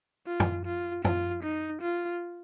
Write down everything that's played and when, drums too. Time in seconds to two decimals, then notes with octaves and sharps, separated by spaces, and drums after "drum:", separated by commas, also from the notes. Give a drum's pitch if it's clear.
0.27 F4
0.40 drum: tom
0.66 F4
1.05 F4, drum: tom
1.43 D#4
1.82 F4